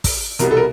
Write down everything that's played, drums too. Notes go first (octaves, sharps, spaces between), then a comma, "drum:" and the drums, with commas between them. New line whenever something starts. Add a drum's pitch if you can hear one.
drum: kick, open hi-hat
C2 B2 G3 B3 A#4, drum: hi-hat
A4
A#4